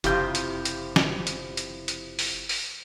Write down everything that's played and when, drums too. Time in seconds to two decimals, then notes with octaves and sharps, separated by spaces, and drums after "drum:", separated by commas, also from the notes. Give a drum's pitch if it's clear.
0.04 F#1 F2 C3 F3 E4 G4 G6, drum: hi-hat
0.35 drum: hi-hat
0.65 drum: hi-hat
0.96 drum: snare
1.27 drum: hi-hat
1.57 drum: hi-hat
1.88 drum: hi-hat
2.19 drum: open hi-hat
2.49 drum: open hi-hat